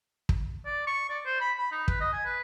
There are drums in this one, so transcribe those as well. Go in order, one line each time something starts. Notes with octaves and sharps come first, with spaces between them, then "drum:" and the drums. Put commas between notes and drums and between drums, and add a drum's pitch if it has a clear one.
drum: kick
D5
C#6
D5
C5
B5
B5
D#4
B4, drum: kick
D#5
G#5
B4